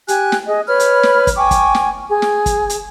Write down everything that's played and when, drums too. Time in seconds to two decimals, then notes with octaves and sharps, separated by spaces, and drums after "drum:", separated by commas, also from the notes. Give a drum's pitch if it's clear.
0.08 G4 G#5 F#6, drum: hi-hat
0.32 drum: snare
0.47 G#4 D#5
0.67 B4 C#5 B5 F6
0.80 drum: hi-hat
1.03 drum: snare
1.27 drum: kick, hi-hat
1.36 G5 G#5 C#6 D6
1.51 drum: kick, hi-hat
1.75 drum: snare
2.10 G#4
2.22 drum: snare
2.46 drum: kick, hi-hat
2.70 drum: hi-hat